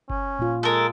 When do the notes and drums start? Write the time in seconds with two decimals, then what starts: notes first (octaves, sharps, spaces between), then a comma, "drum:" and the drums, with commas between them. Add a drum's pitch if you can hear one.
0.10 C#4, drum: kick F#1
0.39 A#2 F4
0.63 G#3 A4 A#4